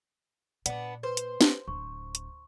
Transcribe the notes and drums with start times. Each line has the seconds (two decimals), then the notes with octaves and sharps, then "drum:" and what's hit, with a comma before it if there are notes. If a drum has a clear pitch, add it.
0.66 A#2 B3 D4 D5, drum: hi-hat
1.03 B4 C5
1.17 drum: hi-hat
1.41 drum: snare
1.68 D1 C#6
2.15 drum: hi-hat